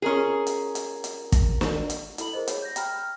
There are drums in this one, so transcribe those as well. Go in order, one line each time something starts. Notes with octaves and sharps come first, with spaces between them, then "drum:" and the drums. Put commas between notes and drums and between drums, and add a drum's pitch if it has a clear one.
C#4 F4 G#4 A#4 A#5
drum: hi-hat
drum: hi-hat
drum: hi-hat
drum: kick, hi-hat
drum: snare
drum: hi-hat
E4 A4 B5 F#7, drum: hi-hat
G#4 A#4 C5 D#5 B5
C#5, drum: hi-hat
G6 A#6
G5 A#5 B5 F6, drum: hi-hat
F6